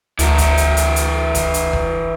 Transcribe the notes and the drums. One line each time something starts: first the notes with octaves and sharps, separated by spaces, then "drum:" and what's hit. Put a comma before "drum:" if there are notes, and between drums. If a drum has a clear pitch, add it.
D2 E3 A#4, drum: hi-hat
drum: kick, hi-hat
drum: hi-hat
drum: hi-hat
drum: hi-hat
drum: kick, hi-hat
drum: hi-hat
drum: kick